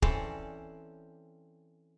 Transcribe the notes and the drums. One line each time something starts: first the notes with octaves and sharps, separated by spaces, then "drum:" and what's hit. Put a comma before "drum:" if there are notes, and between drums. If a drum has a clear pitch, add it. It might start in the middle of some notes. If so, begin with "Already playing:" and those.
E3 C4 C#4 A4 C5 D5, drum: kick